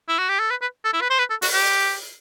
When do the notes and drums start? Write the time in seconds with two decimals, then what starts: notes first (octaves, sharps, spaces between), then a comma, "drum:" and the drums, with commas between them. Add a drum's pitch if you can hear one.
0.09 E4
0.19 F#4
0.29 G4
0.39 A4
0.50 B4
0.62 B4
0.84 A4
0.93 E4
1.01 B4
1.10 C5
1.19 B4
1.30 A4
1.42 F#4, drum: open hi-hat
1.53 G4